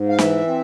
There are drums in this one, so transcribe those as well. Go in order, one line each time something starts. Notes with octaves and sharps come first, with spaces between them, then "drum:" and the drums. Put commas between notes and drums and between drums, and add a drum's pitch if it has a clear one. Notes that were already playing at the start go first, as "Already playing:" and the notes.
Already playing: G#2
F5
E3 E5, drum: snare
C4